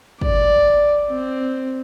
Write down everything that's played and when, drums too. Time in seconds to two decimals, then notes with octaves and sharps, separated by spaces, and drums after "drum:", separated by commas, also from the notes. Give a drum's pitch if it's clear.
0.21 D5, drum: kick
1.10 C4